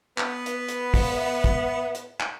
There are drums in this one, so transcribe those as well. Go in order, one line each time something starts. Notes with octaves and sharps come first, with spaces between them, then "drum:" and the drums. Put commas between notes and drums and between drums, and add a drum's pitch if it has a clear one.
B3, drum: clap
B4, drum: hi-hat
drum: hi-hat
drum: kick, open hi-hat
E5
drum: kick, hi-hat
drum: hi-hat
drum: clap